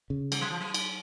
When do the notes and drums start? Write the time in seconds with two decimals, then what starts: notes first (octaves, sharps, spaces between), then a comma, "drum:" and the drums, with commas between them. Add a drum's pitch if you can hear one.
0.10 C#3
0.32 G3, drum: cymbal
0.41 F#3
0.50 E3
0.61 F#3
0.74 drum: cymbal